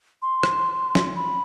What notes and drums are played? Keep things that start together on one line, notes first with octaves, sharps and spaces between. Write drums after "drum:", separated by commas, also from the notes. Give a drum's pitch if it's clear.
C6
drum: rim click
drum: snare
B5